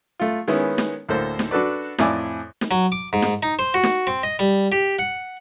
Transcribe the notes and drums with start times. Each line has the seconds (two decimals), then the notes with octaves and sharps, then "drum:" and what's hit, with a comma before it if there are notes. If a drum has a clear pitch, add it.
0.20 A3 F4
0.48 D#3 G#3 B3 C#4 E4
0.78 drum: snare
1.09 D2 A2 A#3 A4 C5 E6
1.39 drum: snare
1.51 D4 F#4 A4 B4 D5
1.98 F2 A2 E4 D5 G#5 D6, drum: snare
2.61 drum: snare
2.71 F#3
2.92 D6
3.13 G#2
3.22 drum: snare
3.43 D#4
3.59 C5
3.74 F#4
3.83 drum: snare
4.07 C4
4.23 D#5
4.39 G3
4.72 G4
4.99 F#5